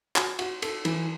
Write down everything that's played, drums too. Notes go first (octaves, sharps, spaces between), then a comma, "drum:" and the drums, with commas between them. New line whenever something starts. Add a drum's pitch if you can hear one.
F#4, drum: clap
F#4, drum: cymbal
A4, drum: cymbal
E3, drum: cymbal